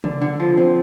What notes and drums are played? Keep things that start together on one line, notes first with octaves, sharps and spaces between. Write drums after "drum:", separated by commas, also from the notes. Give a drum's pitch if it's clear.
D3, drum: tom
D3
F3
C4